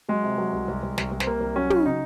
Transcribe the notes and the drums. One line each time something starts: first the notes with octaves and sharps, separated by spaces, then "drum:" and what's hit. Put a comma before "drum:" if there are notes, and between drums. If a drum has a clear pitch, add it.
F#3 G#3
C3
F#3
C2
C2
C2
C2, drum: snare
C2
C4, drum: snare
C3 A#3
C2
F#3 C#4
F#3, drum: tom
C#3 D#4